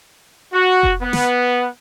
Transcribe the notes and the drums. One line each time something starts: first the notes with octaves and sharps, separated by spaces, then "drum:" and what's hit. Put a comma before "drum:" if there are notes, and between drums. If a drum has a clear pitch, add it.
F#4
drum: kick F1
B3
drum: snare